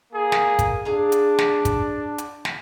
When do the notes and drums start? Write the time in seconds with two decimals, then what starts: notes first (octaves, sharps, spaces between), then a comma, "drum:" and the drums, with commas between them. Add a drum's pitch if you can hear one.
0.13 A#3 G#4
0.32 drum: snare
0.59 drum: kick, hi-hat
0.85 D4 G#4 F5 A#5
1.12 drum: hi-hat
1.38 drum: snare
1.65 drum: kick, hi-hat
2.18 drum: hi-hat
2.45 drum: snare